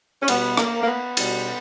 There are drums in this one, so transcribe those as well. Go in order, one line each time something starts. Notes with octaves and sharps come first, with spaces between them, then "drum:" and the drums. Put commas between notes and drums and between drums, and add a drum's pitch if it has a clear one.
C#4
B2 G3 B3, drum: cymbal
A#3, drum: rim click
A#3
B3
B2 G3, drum: cymbal